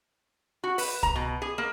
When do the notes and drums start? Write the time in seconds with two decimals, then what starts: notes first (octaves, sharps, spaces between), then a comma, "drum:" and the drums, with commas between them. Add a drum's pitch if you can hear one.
0.64 F#4
0.78 B4, drum: open hi-hat
1.03 A#5, drum: kick C2
1.16 B2
1.42 G#4
1.58 A#3